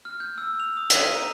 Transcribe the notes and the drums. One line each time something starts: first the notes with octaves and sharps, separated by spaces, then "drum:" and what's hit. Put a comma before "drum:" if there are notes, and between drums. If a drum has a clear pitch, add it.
F6
G6
E6
F7
D#6
D#7, drum: hi-hat
B6
A#5